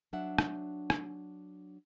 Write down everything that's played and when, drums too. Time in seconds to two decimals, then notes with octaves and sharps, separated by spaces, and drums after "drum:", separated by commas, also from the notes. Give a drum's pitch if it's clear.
0.13 F#3 D4 E5 F#5
0.38 drum: rim click
0.90 drum: rim click